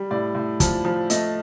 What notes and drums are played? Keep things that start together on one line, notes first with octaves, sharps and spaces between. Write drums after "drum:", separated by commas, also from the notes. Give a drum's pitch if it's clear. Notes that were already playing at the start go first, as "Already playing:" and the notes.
Already playing: G3
A2 D5
A2
F3, drum: kick, hi-hat
F3
A3 D#5, drum: hi-hat